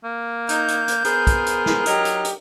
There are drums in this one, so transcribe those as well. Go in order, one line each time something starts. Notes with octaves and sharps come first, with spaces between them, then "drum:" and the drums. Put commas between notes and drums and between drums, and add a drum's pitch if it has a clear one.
A#3
D#4 G6, drum: hi-hat
drum: hi-hat
drum: hi-hat
B3 G#4 A#4 C5, drum: hi-hat
drum: kick, hi-hat
drum: hi-hat
drum: snare
F#3 D#4 G4 D#5, drum: hi-hat
drum: hi-hat
drum: hi-hat